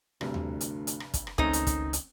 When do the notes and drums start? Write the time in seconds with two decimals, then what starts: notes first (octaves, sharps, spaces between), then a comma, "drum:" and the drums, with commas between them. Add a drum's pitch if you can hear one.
0.21 F1 D2 G2 C3, drum: rim click
0.34 drum: tom D#2
0.61 drum: hi-hat
0.87 drum: hi-hat
1.00 drum: rim click
1.14 drum: kick, hi-hat
1.27 drum: rim click
1.38 C#2 D#3 A3 C4 C#4 D#4 D#6, drum: kick
1.53 drum: hi-hat
1.67 drum: kick, hi-hat
1.93 drum: hi-hat